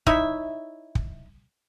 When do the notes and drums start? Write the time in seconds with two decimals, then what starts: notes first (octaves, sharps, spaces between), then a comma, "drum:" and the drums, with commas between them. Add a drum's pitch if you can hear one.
0.07 D#4 E4 C#5 E5, drum: kick
0.95 drum: kick